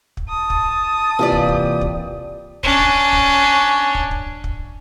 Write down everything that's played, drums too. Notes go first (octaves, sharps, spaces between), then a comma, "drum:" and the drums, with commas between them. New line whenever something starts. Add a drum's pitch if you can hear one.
drum: kick
A5 D#6
drum: kick
C3 E3 A#3 F4 G4 D5
drum: kick
drum: kick
drum: kick
C#4 D4, drum: kick
drum: kick
drum: kick
drum: kick
drum: kick
drum: kick